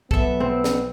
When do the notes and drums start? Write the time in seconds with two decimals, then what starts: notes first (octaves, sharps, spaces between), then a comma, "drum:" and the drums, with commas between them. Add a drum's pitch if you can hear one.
0.11 B1 F#3 B3 A4 E5, drum: kick
0.40 C4
0.64 drum: snare